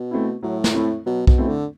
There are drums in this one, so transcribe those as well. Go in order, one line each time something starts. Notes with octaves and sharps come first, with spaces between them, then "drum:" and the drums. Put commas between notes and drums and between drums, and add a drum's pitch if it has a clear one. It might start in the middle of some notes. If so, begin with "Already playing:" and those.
Already playing: B2
A3 C4 E4
A2 F#3
drum: snare
A3 C4 E4
B2 F#3
B2, drum: kick B1
A3 C4 E4
D3